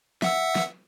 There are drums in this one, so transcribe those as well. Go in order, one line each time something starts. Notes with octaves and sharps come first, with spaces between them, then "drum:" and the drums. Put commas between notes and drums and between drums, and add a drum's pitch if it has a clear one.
E5 F#5 E6, drum: snare
drum: snare